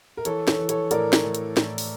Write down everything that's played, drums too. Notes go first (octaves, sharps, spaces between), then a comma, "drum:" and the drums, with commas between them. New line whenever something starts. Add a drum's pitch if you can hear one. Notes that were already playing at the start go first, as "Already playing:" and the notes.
A#4
E3 A4 C#5, drum: hi-hat
A4 C#5, drum: snare
E3
A4 C#5, drum: hi-hat
A2 A#4 D5, drum: hi-hat
drum: snare
A2
drum: hi-hat
A2, drum: snare
drum: open hi-hat